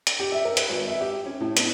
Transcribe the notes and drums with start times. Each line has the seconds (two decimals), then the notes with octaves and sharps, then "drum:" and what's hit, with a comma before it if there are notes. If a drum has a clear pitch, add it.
0.07 drum: hi-hat
0.19 G4
0.32 E5
0.45 A#4
0.57 B4, drum: hi-hat
0.69 G#1
0.88 E5
1.00 G4
1.25 C#4
1.40 A2
1.57 B3, drum: hi-hat